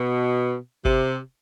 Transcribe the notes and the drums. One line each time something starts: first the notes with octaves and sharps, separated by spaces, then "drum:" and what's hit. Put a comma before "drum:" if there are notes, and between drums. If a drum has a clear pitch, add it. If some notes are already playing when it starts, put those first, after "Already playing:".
Already playing: B2
C3, drum: kick G1